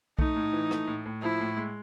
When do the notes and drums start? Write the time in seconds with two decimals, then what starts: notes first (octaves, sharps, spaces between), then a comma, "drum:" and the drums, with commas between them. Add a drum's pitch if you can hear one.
0.19 A3 D#4, drum: kick B1
0.36 A2
0.53 E3
0.71 A3, drum: rim click
0.87 A2
1.06 A2
1.22 F3 E4
1.40 A2
1.57 G#3